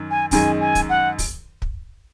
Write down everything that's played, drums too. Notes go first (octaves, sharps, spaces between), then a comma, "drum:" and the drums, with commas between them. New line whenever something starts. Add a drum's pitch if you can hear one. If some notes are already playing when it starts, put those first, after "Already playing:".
Already playing: F#2 D#3
G#5
F#2 D#3 G#3 D#4 G#5, drum: kick, open hi-hat
G#5
drum: kick, hi-hat
F#5
drum: kick, open hi-hat
drum: kick